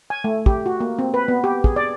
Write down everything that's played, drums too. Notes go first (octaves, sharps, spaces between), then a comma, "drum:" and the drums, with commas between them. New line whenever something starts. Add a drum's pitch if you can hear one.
G#5
A3
G4, drum: kick
F#4
A#3
C4
B4
B3
G4
G#4, drum: kick
D5